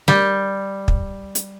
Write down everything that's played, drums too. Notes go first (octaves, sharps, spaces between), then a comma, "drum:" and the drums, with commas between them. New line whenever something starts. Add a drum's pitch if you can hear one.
G3, drum: snare G3
drum: kick
drum: hi-hat